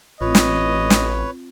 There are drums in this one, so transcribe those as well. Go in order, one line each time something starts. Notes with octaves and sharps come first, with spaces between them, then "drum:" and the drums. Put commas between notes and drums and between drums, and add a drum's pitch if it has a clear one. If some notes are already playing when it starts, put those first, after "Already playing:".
A1 C4 F4 B4 C#5 D#5
drum: snare
drum: snare